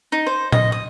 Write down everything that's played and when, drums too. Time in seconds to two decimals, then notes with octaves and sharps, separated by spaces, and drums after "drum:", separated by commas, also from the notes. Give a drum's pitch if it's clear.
0.12 D#4
0.26 C5
0.52 D#5, drum: tom A#2
0.72 D#6